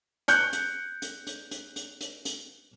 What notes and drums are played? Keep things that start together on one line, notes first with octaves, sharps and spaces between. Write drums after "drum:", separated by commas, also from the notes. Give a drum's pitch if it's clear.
F#6 G6 C#7, drum: hi-hat
drum: hi-hat
drum: hi-hat
drum: hi-hat
drum: hi-hat
drum: hi-hat
drum: hi-hat
drum: hi-hat